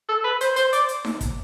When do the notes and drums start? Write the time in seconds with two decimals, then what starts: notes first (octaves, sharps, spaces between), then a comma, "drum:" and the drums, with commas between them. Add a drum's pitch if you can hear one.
0.08 A4
0.24 B4
0.41 C5, drum: hi-hat
0.56 C5, drum: hi-hat
0.73 D5, drum: hi-hat
0.89 drum: hi-hat
1.05 drum: snare D#4
1.21 drum: kick, hi-hat